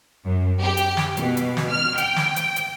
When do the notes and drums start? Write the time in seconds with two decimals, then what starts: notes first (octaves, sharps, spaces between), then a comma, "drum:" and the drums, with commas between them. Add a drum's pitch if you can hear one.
0.26 F#2
0.61 G4
0.77 drum: hi-hat
0.97 drum: snare
1.17 B2, drum: hi-hat
1.37 drum: hi-hat
1.57 drum: snare
1.68 F6
1.98 G5, drum: hi-hat
2.16 drum: snare
2.36 drum: hi-hat
2.56 drum: hi-hat